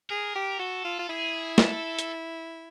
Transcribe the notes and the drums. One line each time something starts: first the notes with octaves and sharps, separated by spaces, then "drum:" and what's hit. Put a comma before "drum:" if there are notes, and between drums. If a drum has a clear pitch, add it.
G#4 A#4
G4
F#4 A4
F4
F4
E4 G#4
A4, drum: snare
drum: hi-hat